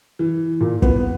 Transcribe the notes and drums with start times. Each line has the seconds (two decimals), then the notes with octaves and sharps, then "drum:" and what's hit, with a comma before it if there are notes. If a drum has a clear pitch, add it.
0.19 E3
0.61 A#2
0.82 B3, drum: kick